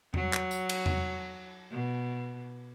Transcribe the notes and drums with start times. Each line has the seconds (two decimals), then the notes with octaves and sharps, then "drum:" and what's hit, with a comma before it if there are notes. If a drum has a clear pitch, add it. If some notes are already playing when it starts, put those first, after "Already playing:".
0.14 F#3, drum: tom E2
0.33 drum: clap
0.51 drum: tambourine
0.69 drum: cymbal
0.86 drum: tom E2
1.71 B2